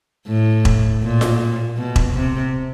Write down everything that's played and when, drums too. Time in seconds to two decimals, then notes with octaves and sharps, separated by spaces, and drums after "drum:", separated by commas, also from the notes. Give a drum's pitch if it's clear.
0.27 A2
0.65 drum: kick E1
1.03 A#2
1.21 drum: snare F4
1.77 B2
1.96 drum: kick E1
2.14 C3